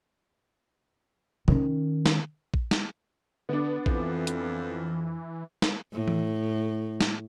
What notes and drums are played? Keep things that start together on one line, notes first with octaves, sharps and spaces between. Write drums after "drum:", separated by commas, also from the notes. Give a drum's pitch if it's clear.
D#3 C#4, drum: tom C3
drum: snare
drum: kick A#1
drum: snare
D3 B3 D4
F2 E3, drum: kick A#1
drum: hi-hat
drum: snare
A2
drum: tom E3
drum: snare